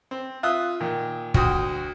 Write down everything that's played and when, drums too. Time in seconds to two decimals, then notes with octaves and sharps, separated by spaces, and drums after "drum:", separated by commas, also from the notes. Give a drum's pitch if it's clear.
0.11 C4
0.43 F4 E5 D#6 F#6
0.80 A#2 D#3
1.34 D2 F#4 G5 D#6, drum: kick